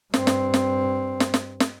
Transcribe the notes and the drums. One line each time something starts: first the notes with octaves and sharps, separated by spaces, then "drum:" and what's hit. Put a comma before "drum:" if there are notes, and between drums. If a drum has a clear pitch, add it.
G2 C4, drum: snare
drum: snare
drum: snare
drum: snare
drum: snare
drum: snare